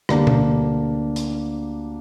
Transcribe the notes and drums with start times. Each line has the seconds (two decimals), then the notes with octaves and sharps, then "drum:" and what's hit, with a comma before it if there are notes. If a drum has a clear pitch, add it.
0.09 D2 D3 G3 A#3 D4, drum: rim click
0.27 drum: tom B2
1.16 drum: hi-hat